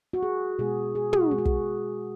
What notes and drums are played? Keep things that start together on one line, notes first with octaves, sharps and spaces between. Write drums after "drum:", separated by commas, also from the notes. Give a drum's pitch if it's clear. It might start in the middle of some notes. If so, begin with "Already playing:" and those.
F#4
G#4
B2 G#3 G#4
G#4
F#4, drum: tom
B2 G#3 G#4
F#4
G#4, drum: kick